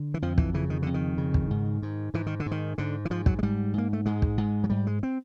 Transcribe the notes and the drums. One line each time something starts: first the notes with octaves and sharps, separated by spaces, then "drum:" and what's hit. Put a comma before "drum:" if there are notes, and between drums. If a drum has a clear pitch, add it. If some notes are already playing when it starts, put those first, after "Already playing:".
Already playing: D3
E3
F2 F3
E3, drum: kick
C#3 E3
D#3
F2 D3
D#3
C#3
drum: kick
G#2
G#2
G#2 E3
D#3
D3
G#2
D#3
G#2 D3
E3
G#2 F3
F#3, drum: kick
G#3
G#2 G3
G#2 A#3
A3
G#2 G#3
drum: kick
G#2
F#3
G#2 G3
G#3
C4